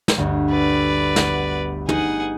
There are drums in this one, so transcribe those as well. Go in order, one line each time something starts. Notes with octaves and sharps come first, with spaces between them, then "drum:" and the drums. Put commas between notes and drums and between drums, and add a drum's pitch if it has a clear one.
drum: snare
G1 D2
B4 D5
B3 B6, drum: snare
D#4 G#4 F#5, drum: tom